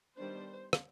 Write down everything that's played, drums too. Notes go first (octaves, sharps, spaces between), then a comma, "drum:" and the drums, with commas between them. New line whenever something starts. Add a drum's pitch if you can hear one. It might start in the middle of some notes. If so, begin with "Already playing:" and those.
D#3 G3 B3 D4 C5
drum: rim click